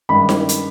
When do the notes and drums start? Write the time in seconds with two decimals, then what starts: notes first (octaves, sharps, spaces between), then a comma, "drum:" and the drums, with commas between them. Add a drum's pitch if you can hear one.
0.09 G2 D#3 G#3 C#4 B5
0.29 drum: snare D#4
0.49 drum: hi-hat